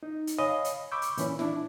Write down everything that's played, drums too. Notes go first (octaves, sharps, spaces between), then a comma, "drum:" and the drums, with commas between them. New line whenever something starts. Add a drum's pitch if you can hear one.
D#4
drum: hi-hat
C#5 D#5 F5 G#5 B5 D#6
drum: hi-hat
B5 C#6 D6 E6 G6
drum: hi-hat
A#2 E3 C#4 B5, drum: hi-hat
D4 E4, drum: snare